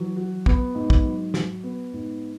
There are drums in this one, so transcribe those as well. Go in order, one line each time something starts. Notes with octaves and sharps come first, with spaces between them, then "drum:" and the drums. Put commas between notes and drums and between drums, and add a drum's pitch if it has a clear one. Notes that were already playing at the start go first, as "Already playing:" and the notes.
Already playing: E3 F#3
F#4
B3, drum: kick
G#2
drum: kick
F#3
F#4, drum: snare
B3
G#2